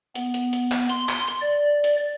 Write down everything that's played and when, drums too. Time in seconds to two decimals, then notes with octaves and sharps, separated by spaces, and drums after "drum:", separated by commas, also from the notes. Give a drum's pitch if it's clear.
0.15 B3, drum: hi-hat
0.34 drum: hi-hat
0.53 drum: hi-hat
0.72 drum: clap
0.89 C6, drum: hi-hat
1.09 drum: clap
1.28 drum: hi-hat
1.41 D5
1.84 drum: hi-hat